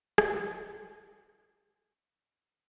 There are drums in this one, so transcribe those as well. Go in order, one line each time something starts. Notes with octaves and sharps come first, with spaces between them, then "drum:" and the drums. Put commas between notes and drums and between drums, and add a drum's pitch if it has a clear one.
C5 F5 F#5 B5 C6, drum: rim click